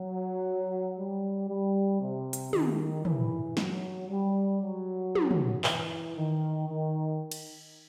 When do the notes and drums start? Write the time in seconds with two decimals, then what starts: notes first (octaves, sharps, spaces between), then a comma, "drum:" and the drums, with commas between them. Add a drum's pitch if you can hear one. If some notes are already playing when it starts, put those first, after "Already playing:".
Already playing: F#3
0.98 G3
1.49 G3
2.01 C3
2.33 drum: hi-hat
2.53 D#3, drum: tom
3.05 E3, drum: tom
3.57 F#3, drum: snare
4.09 G3
4.61 F#3
5.15 drum: tom
5.31 drum: tom
5.64 E3, drum: clap
6.16 D#3
6.68 D#3
7.31 drum: cymbal